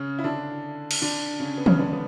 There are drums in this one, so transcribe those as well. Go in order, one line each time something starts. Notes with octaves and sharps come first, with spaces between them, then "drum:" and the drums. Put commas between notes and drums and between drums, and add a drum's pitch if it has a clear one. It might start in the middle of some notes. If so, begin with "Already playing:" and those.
Already playing: C#3 C#4
E4
D3 D4
drum: cymbal
D3 D4
C#3 C#4
B3
C#3 C#4, drum: tom D#3
D3 D4
B3